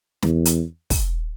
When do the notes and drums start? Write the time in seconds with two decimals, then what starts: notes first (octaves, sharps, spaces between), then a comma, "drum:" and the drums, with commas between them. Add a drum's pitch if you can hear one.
0.22 E2, drum: snare
0.45 drum: hi-hat
0.90 drum: kick, open hi-hat